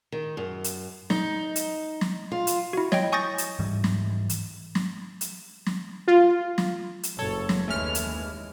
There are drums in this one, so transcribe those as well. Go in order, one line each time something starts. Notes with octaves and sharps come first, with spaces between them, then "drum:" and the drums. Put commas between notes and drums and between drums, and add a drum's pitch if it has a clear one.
D#3
F#2
drum: hi-hat
D#4, drum: snare
drum: hi-hat
drum: snare
F4
drum: hi-hat
E4 F#4
C#5 D#5 G5, drum: snare
G#5 C#6 D#6 G6 A6 A#6
drum: hi-hat
G#2 E3 G3
drum: snare
drum: hi-hat
drum: snare
drum: hi-hat
drum: snare
F4
drum: snare
drum: hi-hat
F#1 A4 C#5
drum: snare
D#2 E3 G#3 A3 C#4 F6
drum: hi-hat